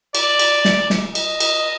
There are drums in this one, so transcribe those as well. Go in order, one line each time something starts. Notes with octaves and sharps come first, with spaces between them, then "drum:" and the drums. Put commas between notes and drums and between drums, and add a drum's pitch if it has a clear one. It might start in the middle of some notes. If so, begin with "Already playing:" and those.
D5, drum: cymbal
drum: cymbal
drum: snare
drum: snare
D#5, drum: cymbal
drum: cymbal